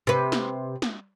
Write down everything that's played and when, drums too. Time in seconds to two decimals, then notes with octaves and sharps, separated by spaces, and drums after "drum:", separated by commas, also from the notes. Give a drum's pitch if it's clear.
0.07 C3 B4
0.32 drum: snare
0.82 drum: snare